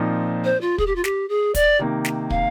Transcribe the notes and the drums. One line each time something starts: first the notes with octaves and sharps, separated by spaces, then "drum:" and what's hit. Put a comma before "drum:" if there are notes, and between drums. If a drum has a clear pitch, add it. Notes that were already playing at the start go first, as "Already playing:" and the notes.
Already playing: A#2 F3 C4 D#4
C5
F4
G#4, drum: kick
G4
F4
G4, drum: snare
G#4
D5, drum: kick, hi-hat
C3 D#3 A#3
drum: snare
F5, drum: kick